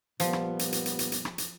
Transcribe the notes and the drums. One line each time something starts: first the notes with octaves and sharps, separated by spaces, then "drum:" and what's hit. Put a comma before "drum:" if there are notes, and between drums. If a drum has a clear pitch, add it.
A#2 F3 G3 B3, drum: hi-hat
drum: rim click
drum: hi-hat
drum: hi-hat
drum: hi-hat
drum: hi-hat
drum: hi-hat
drum: rim click
drum: hi-hat